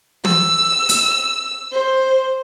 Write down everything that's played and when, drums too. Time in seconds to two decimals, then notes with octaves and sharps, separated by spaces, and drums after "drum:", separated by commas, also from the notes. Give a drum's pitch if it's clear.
0.25 E6, drum: tom
0.89 drum: hi-hat
1.72 C5